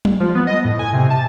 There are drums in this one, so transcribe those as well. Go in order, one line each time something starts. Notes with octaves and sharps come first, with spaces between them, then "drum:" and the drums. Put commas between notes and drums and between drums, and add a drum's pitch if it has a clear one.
drum: tom F#3
F3
B3
D#5
A2
G#5
C3
A5